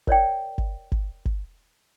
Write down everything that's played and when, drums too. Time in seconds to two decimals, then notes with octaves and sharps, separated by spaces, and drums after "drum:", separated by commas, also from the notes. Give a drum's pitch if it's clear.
0.07 A#4 C#5 D5 G5, drum: kick G1
0.58 drum: kick G1
0.92 drum: kick G1
1.25 drum: kick G1